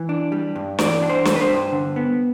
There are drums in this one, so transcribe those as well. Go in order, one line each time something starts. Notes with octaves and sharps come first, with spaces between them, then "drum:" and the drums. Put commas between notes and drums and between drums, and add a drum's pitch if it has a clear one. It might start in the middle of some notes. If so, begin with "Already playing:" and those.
Already playing: E3
D4
G3
G2
E3 D5, drum: snare
D4
C5
G3, drum: snare
B4
C5
G2
D3
B3